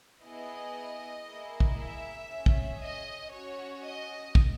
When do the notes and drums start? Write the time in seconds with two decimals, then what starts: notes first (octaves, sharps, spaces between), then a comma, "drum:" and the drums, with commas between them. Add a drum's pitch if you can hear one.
0.23 B3 E4 G#4 D#5
1.26 A#3 E4 G#4
1.60 drum: kick
1.78 E5
2.29 C#4 G#4
2.46 drum: kick
2.80 D#5
3.32 C#4 F#4 C#5
3.84 D#5
4.35 drum: kick